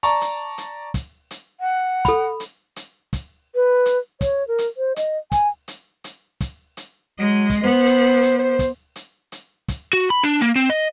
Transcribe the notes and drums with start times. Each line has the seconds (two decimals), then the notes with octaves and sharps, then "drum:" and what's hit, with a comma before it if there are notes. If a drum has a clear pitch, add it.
0.03 D5 A5 A#5 C#6
0.21 drum: hi-hat
0.58 drum: hi-hat
0.94 drum: kick, hi-hat
1.31 drum: hi-hat
1.60 F#5
2.05 A4 B5, drum: kick, hi-hat
2.40 drum: hi-hat
2.76 drum: hi-hat
3.13 drum: kick, hi-hat
3.55 B4
3.86 drum: hi-hat
4.21 C#5, drum: kick, hi-hat
4.48 A#4
4.58 drum: hi-hat
4.77 C5
4.96 D#5, drum: hi-hat
5.32 G#5, drum: kick, hi-hat
5.68 drum: hi-hat
6.04 drum: hi-hat
6.41 drum: kick, hi-hat
6.77 drum: hi-hat
7.19 F#3 G#3 D#5
7.50 drum: kick, hi-hat
7.64 B3 C5
7.86 drum: hi-hat
8.23 drum: hi-hat
8.39 C5
8.59 drum: kick, hi-hat
8.96 drum: hi-hat
9.32 drum: hi-hat
9.68 drum: kick, hi-hat
9.93 F#4
10.10 B5
10.23 D4
10.41 A#3, drum: hi-hat
10.56 C4
10.70 D#5